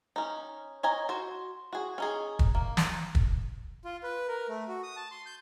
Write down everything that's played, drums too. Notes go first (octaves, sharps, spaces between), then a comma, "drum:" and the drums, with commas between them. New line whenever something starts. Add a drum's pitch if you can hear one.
C#4 D#4
C#5 D#5 G#5 A#5
F#4 C5
F#4 G#4
C#4 D#4 G#4
drum: kick
A#3
drum: snare
drum: kick
F4
B4
A#4
A3
F#4
D#6
A5
C6
G6